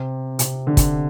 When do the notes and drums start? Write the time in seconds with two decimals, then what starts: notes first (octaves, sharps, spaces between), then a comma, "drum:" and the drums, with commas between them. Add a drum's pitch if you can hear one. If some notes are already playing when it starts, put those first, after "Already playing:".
Already playing: C3
0.39 C3, drum: hi-hat
0.67 D3
0.77 drum: kick, hi-hat